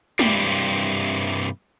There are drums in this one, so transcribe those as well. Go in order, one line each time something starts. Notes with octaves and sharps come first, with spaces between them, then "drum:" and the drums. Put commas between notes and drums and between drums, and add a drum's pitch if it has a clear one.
G2 C3 E3 G3 A#3, drum: tom G#3
drum: hi-hat